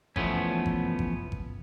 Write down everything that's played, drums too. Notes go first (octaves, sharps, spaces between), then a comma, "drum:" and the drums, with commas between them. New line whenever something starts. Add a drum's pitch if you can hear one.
E2 F3 A3 B3 C#4, drum: kick G#1
drum: kick G#1
drum: kick G#1
drum: kick G#1